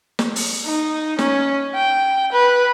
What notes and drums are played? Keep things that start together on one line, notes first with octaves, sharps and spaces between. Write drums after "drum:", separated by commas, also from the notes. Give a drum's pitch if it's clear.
drum: snare
drum: open hi-hat
D#4
C#4, drum: snare
G5
B4